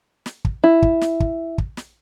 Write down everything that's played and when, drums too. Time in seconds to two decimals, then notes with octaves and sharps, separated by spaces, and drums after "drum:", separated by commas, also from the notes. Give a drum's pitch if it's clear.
0.26 drum: snare
0.45 drum: kick
0.64 E4
0.82 drum: kick
1.01 drum: snare
1.20 drum: kick
1.58 drum: kick
1.77 drum: snare